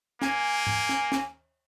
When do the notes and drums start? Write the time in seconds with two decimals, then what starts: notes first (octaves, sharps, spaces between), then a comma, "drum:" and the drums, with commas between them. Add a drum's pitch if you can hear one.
0.22 A#3 G#5, drum: snare
0.67 drum: tom G#2
0.89 drum: snare
1.12 drum: snare